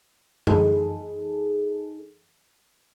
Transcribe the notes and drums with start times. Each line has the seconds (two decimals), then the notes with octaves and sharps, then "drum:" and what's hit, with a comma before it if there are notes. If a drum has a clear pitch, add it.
0.47 D#4 G#4 A4, drum: tom